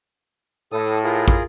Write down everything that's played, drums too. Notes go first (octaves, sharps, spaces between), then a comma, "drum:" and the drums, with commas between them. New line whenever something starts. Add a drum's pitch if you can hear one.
A2 A4 D#6
F4 G#4 A#4
drum: kick